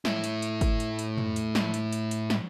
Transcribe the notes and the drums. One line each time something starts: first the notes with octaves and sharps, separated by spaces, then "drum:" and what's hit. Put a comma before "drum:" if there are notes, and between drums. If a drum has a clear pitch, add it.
A2 E4, drum: snare
drum: hi-hat
drum: hi-hat
drum: kick, hi-hat
drum: hi-hat
drum: hi-hat
drum: tom
drum: hi-hat
drum: snare
drum: hi-hat
drum: hi-hat
drum: hi-hat
drum: snare